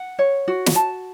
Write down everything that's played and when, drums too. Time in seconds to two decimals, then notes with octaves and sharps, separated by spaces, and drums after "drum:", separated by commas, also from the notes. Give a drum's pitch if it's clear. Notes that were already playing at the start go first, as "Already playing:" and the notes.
Already playing: F#5
0.19 C#5
0.48 F#4
0.66 drum: snare
0.75 A5